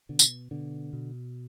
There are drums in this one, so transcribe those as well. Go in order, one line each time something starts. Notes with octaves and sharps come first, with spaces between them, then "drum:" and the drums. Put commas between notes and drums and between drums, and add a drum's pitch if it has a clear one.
B2 D3
drum: tambourine
B2 D3
B2